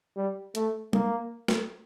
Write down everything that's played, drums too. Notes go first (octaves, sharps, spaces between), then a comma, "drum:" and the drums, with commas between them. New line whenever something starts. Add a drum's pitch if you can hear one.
G3
A3, drum: hi-hat
A#3, drum: tom
drum: snare